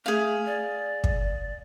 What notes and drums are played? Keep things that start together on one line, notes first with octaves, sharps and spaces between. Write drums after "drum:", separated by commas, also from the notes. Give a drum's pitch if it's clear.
A3 G#4 F5
D5
drum: kick